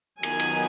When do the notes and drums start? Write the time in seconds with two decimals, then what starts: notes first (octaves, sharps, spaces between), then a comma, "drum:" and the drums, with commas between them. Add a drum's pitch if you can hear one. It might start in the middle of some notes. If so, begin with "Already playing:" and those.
0.23 D#3 F#3 B3 D#4 G#5, drum: cymbal
0.39 drum: cymbal